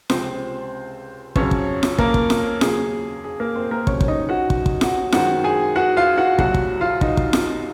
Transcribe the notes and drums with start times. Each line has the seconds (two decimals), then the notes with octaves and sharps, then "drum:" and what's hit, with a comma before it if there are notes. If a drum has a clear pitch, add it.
0.10 C#2 C3 F3 C4 C5, drum: snare F4
1.36 F2 C#3 F#3 C#4 C#5, drum: kick
1.51 drum: kick
1.83 drum: snare F4
1.98 A#3 A#4, drum: kick
2.14 drum: kick
2.30 drum: snare F4
2.61 D#2 C#3 F#3 A#3 G#4, drum: snare F4
3.24 G#4
3.40 A#3 A#4
3.55 C4 C5
3.71 A#3 A#4
3.87 C2 A#2 F#3 C4 C#4 C#5, drum: kick
4.01 C#5, drum: kick
4.08 D#4 D#5
4.29 F#4 F#5
4.50 drum: kick
4.66 drum: kick
4.81 F#4 F#5, drum: snare F4
5.12 F#2 D#3 G#3 C4 F#4 F#5, drum: snare F4
5.44 G#4 G#5
5.76 F#4 F#5
5.97 F4 F5
6.18 F#4 F#5
6.39 C2 A#2 F#3 F#4 F#5, drum: kick
6.54 drum: kick
6.81 F4 F5
7.01 D#4 D#5, drum: kick
7.17 drum: kick
7.33 drum: snare F4